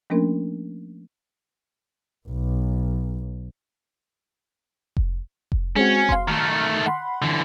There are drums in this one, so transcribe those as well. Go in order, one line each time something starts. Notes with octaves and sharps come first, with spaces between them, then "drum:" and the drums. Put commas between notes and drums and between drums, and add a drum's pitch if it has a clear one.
F3 A3 A#3 C#4 D4 A#4
B1
drum: kick F1
drum: kick F1
G#3 C4 C#4 F#4
F5 C6, drum: kick F1
D#3 A3 F6
F#5 B5 C6
D3 E3